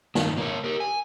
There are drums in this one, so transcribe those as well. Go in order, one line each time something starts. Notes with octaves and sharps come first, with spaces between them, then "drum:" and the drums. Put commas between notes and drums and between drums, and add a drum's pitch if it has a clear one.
G2 D#3, drum: snare
A#3 C#5, drum: tom C#3
G4 A#4
G#5